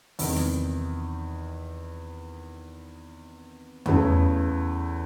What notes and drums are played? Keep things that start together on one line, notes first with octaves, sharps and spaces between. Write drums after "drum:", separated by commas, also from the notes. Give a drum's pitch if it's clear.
E2 C3 D#3, drum: open hi-hat
drum: snare
E2 C#3 E3 A3 C#4, drum: tom F2